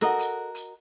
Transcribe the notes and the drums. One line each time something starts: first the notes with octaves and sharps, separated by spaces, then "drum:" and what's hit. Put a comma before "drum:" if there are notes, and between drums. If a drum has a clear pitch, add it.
F#4 A4 A#4 D#5 F#5, drum: snare
drum: hi-hat
drum: hi-hat